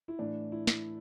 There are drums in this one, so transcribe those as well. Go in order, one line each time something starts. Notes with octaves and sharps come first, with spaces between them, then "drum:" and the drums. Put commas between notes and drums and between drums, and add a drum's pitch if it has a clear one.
E4
A2 E3 D4
E4
drum: snare